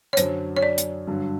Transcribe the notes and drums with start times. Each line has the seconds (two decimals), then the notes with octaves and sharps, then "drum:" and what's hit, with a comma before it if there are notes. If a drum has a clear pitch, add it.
0.13 C#5
0.17 F#2 D3 F#3 C5, drum: hi-hat
0.57 C#5
0.63 D5
0.78 drum: hi-hat
1.07 G2 D3 F#3